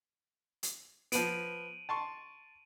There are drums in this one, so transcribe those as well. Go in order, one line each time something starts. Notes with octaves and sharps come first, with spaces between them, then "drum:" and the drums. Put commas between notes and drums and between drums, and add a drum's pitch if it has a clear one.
drum: hi-hat
F3 B3 D7 D#7 F#7, drum: hi-hat
A5 C6 C#6